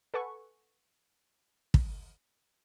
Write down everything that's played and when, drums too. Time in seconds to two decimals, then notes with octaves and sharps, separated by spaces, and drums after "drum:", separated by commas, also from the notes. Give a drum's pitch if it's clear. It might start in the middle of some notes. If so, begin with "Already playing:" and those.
0.14 A4 B4 F#5 G#5 C#6
1.74 drum: kick